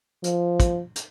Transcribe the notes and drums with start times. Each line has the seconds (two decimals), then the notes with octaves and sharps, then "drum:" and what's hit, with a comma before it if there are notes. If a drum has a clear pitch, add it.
0.24 F3, drum: hi-hat
0.60 drum: kick, hi-hat
0.96 drum: hi-hat